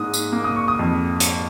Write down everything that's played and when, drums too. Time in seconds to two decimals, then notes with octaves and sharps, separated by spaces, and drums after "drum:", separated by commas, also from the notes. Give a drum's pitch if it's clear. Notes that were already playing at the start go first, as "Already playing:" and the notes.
Already playing: G#2 A#3 D#6
0.14 drum: tambourine
0.32 A#3
0.44 D#6
0.56 C#6
0.68 D#6
0.79 F2
1.20 drum: hi-hat